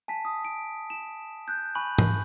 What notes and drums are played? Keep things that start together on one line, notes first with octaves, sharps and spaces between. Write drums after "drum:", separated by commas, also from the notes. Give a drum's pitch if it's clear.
G#5 A5 B6
D#6
D7
E7
F#6 G6
G#5 B5 C#6 F#6 F#7
drum: tom G#2